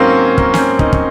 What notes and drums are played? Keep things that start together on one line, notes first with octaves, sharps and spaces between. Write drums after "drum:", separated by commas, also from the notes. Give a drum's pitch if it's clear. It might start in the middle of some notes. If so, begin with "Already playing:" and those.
Already playing: G#2 F#3 A#3 C4 C#4
A#3, drum: kick
C#4, drum: snare
C4
D#4, drum: kick
drum: kick